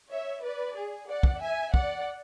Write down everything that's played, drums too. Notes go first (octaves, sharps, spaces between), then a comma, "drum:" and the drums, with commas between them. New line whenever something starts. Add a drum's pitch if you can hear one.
C#5 E5
B4 D5
G#4
D5 F#5
drum: kick
E5 G#5
D5 F#5, drum: kick